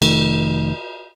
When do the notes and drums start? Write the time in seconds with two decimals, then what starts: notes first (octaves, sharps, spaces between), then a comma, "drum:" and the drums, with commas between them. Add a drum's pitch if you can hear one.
0.02 F1 D#3 A3, drum: cymbal